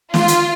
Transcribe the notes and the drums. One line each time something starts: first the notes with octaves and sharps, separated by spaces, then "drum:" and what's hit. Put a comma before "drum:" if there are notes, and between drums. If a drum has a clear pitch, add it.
F4, drum: snare
drum: hi-hat